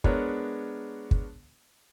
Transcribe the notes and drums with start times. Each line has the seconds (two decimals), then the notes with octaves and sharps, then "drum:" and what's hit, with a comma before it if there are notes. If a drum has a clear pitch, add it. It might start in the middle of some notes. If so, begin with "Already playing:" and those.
0.04 G#3 B3 D4 A#4 C#5, drum: kick
1.11 drum: kick